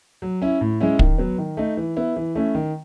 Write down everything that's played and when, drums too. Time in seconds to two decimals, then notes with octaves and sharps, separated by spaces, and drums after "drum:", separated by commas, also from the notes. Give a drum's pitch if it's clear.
0.22 F#3
0.42 C#4 E4
0.61 A2
0.80 G#3 C#4 E4
0.99 D#3, drum: kick
1.18 F#3 B3
1.38 D#3
1.57 A3 D#4
1.77 E3
1.97 B3 E4
2.16 E3
2.35 A3 C#4 E4
2.55 D#3